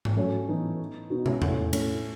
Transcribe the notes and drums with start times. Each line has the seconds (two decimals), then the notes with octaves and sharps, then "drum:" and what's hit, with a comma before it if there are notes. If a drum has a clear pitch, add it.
0.05 drum: tom G#2
0.17 F#3 A3 C#4
0.48 E3 B3 D#4
1.10 B2 D#4 F#4
1.26 C#4 E4, drum: tom
1.42 A2 A3 C#4, drum: tom E2
1.73 A3 C#4, drum: cymbal